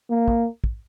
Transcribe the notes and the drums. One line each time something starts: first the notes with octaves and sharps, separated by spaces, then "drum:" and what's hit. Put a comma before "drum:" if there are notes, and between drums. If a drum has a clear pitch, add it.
A#3
drum: kick
drum: kick